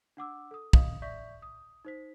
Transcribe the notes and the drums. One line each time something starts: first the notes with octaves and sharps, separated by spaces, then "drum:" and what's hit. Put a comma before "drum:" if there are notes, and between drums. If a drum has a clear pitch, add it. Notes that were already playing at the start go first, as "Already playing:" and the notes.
D4 F#5 D6 E6
A4 D#6
D#5 F5 D#6, drum: kick
D5 E5 C#6 G6 B6
D#6
D#4 C5 B6